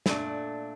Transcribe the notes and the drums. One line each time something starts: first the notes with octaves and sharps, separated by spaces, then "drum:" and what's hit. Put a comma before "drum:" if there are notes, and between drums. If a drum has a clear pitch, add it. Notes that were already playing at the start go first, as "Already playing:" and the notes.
A#2 A3 D4, drum: snare